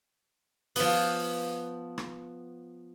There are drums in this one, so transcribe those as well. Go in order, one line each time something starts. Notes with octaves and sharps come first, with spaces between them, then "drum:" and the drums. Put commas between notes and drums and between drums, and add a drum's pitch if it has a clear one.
F3 B3, drum: open hi-hat
drum: rim click